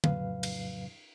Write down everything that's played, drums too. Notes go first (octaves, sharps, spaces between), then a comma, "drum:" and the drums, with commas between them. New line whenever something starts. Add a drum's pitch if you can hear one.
F2 A2 C#3 F#3 B4 F5, drum: tom
drum: cymbal